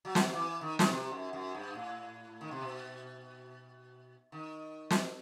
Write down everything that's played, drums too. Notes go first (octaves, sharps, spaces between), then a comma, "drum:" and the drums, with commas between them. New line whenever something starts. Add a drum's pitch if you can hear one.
F#3
drum: snare
F#3
E3
D#3
D#3, drum: snare
C3
F#2
F#2
G2
A2
D#3
C3
B2
D#3
drum: snare